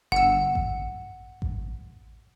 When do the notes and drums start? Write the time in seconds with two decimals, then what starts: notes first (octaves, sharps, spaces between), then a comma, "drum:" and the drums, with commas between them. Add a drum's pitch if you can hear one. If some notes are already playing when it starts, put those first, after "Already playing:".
0.12 G1 F#5 E6
0.55 drum: kick A1
1.42 drum: kick A1